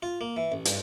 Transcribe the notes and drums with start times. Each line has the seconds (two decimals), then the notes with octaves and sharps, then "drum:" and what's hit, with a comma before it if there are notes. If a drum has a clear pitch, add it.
0.03 F4
0.21 A#3
0.37 E3
0.52 A1
0.66 G2, drum: hi-hat